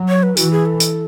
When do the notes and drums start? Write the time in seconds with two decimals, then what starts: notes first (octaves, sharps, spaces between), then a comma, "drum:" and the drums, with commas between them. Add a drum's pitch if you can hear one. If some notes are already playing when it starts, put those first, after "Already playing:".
Already playing: F#3
0.09 C#5
0.23 B4
0.37 E3 F#4, drum: hi-hat
0.52 G#4
0.66 A4
0.80 drum: hi-hat